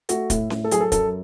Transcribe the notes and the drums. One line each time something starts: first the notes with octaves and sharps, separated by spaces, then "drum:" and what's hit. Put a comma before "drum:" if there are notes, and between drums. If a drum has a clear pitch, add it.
A3 F#4, drum: hi-hat
A2, drum: kick, hi-hat
A2, drum: snare C#4
A4
F#3 G#4, drum: hi-hat
A4
F#2 A4, drum: kick, hi-hat